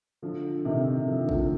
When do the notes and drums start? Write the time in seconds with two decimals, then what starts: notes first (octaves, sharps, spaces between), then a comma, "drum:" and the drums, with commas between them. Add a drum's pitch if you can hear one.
0.22 D3 F3
0.65 C3 D#3
1.07 D3 F3
1.29 F3 A3, drum: kick